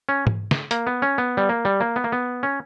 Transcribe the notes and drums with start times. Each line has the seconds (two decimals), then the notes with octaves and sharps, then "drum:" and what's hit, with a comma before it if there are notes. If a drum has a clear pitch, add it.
0.09 C#4
0.27 drum: tom G#2
0.51 drum: snare
0.71 A#3, drum: hi-hat
0.87 B3
1.02 C#4
1.18 B3
1.37 G3
1.49 A#3
1.65 G3
1.80 A#3
1.96 B3
2.04 A#3
2.12 B3
2.43 C#4